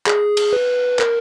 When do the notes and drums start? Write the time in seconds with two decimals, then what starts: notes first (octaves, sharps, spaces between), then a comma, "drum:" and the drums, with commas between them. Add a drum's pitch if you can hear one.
0.07 G#4, drum: clap
0.37 drum: cymbal
0.53 B4
0.99 A#4, drum: clap